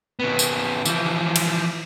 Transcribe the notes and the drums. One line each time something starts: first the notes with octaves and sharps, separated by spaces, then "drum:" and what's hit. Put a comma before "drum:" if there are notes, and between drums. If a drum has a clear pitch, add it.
C#3 B3
drum: tambourine
E3 F3, drum: tambourine
drum: cymbal